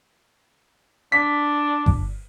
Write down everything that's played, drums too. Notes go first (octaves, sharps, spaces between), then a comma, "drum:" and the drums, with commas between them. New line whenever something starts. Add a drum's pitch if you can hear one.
D4 B6
drum: kick G1